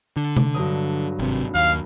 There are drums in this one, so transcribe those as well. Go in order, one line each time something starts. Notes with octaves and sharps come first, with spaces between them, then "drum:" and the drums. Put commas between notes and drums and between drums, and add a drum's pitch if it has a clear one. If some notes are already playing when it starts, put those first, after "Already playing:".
D3
drum: tom C3
G2 F#3 D#6
G#1 C3
D#2 F5